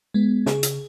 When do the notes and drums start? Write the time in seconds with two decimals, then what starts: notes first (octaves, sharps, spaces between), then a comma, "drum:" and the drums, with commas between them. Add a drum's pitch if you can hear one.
0.14 G#3 B3
0.46 C#3 G#4, drum: snare
0.63 drum: hi-hat